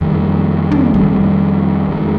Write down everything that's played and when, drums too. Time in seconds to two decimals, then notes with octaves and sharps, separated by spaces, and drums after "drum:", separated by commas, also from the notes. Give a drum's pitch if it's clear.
0.01 F2 D#3 G3 A#3
0.71 drum: tom
0.94 F2 D#3 G3 A#3, drum: kick
1.89 F2 D#3 G#3